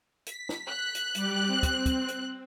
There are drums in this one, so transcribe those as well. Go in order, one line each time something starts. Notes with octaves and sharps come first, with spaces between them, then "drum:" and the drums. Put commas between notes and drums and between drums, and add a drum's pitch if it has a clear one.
B6, drum: hi-hat
drum: snare
F#6
drum: hi-hat
G3 G4, drum: hi-hat
C4
drum: kick, hi-hat
drum: kick, hi-hat
drum: hi-hat